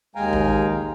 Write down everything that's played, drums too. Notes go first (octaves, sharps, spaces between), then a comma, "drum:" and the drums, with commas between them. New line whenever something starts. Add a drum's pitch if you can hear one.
D#2 G#3 F5 G5 G#5 A#5
drum: kick A1